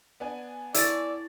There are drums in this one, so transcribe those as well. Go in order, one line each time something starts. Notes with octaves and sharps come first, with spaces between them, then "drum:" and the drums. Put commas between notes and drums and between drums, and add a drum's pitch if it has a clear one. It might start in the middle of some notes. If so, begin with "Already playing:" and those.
B3 D4 G#5
E4 A4 C#5 D5 E6 A6, drum: hi-hat